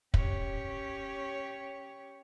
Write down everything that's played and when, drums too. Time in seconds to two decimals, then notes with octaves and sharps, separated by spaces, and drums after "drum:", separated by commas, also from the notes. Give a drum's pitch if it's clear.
0.14 C#4 G4 C#5, drum: kick